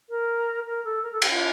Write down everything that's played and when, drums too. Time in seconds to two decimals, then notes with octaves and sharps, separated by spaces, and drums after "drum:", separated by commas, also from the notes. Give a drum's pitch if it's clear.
0.10 A#4
0.66 A#4
0.84 A4
1.03 A#4
1.12 A4
1.22 G4, drum: cymbal
1.31 F4